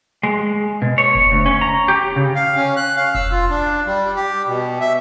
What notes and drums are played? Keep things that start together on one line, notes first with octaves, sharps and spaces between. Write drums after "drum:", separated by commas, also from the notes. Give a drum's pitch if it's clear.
G#3
B2
C#5
drum: kick F1
D2
C#4
A#5
G4
C#3
F5
C#4
F#6
F5
E6, drum: kick F1
F4
D4
G3
G4
B2
E5